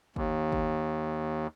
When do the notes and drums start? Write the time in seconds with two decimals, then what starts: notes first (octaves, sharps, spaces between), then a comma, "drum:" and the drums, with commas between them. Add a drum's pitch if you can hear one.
0.16 D#2, drum: kick
0.52 drum: kick